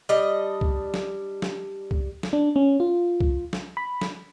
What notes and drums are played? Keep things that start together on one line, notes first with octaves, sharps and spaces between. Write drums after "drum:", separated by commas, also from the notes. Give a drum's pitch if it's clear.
G3 D4 D#5
drum: kick C2
drum: snare
drum: snare
drum: kick C2
drum: snare
D4
C#4
F4
drum: kick C2
drum: snare
B5
drum: snare